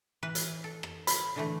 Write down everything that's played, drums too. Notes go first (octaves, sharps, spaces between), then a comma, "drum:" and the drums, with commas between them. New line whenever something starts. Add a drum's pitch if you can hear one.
E3 B4
drum: hi-hat
A4
drum: rim click
B5, drum: hi-hat
D3 E3 A3